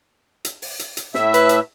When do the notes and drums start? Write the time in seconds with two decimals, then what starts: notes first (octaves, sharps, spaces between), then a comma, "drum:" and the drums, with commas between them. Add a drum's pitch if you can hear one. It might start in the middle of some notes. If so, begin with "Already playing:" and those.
0.45 drum: hi-hat
0.62 drum: open hi-hat
0.79 drum: hi-hat
0.97 drum: hi-hat
1.14 A2 E5, drum: snare
1.34 B4, drum: hi-hat
1.49 drum: hi-hat